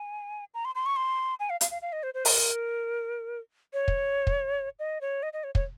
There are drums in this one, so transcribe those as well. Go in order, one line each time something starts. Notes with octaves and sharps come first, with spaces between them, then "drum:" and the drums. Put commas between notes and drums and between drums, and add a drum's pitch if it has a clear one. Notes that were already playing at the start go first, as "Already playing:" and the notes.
Already playing: G#5
A#5
C6
C6
C#6
C6
G#5
F5
F5, drum: hi-hat
F5
F5
D#5
C5
C5
A#4, drum: open hi-hat
C#5
drum: kick
drum: kick
D#5
C#5
D#5
D#5
C#5
C#5, drum: kick